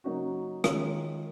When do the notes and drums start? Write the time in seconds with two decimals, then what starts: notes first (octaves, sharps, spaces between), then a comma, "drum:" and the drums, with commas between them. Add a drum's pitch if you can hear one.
0.04 C#3 F#3 A#3 D#4 F#4
0.64 D#3 G#3 C#4 F4, drum: rim click